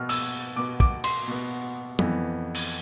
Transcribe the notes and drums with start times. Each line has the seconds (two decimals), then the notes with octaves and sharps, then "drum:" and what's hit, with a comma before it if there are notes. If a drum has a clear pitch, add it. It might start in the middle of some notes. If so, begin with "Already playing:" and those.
Already playing: B2 B3 F6
0.09 E6, drum: cymbal
0.56 B2 B3 D6
0.80 D6, drum: kick
1.04 C6, drum: cymbal
1.28 B2 B3
1.99 F2 E3 B3, drum: tom F#3
2.55 drum: cymbal